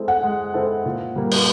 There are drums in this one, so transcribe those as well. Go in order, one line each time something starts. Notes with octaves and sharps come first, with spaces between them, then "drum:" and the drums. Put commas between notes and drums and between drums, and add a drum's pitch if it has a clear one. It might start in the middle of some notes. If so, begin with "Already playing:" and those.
Already playing: G#3 C4 E4 A4
F#5
G#3
C4 E4 A4
A#2
G3 A#3
drum: cymbal